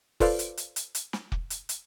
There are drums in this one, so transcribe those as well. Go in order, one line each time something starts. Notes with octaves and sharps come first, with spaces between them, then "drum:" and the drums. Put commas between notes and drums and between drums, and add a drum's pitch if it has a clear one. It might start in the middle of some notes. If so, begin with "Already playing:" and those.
F4 A4 B4 C5 D5 F5, drum: kick, open hi-hat
drum: hi-hat
drum: hi-hat
drum: hi-hat
drum: hi-hat
drum: snare
drum: kick
drum: hi-hat
drum: hi-hat